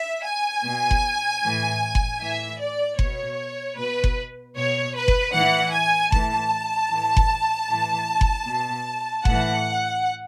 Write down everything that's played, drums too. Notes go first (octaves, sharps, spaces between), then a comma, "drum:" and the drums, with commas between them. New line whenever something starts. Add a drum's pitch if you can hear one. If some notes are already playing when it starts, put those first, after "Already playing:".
Already playing: E5
G#5
B2
drum: kick F#1
A2 E3
drum: kick F#1
A2 E3 E5
D5
B2 C#5, drum: kick F#1
B2 B4
drum: kick F#1
B2 C#5
B4
drum: kick F#1
A2 E3 F#5
G#5
A2 E3 A5, drum: kick F#1
A2 E3
drum: kick F#1
A2 E3
drum: kick F#1
B2
A2 E3 F#5, drum: kick F#1